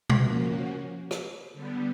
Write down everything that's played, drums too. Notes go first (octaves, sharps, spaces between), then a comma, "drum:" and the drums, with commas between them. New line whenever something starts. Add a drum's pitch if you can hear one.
drum: tom B2
F3 A#3 C#4 F#4
drum: rim click
D3 G3 B3